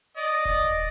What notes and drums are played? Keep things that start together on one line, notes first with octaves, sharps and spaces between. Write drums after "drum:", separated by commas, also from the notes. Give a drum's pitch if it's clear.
D5 D#5
drum: kick D#1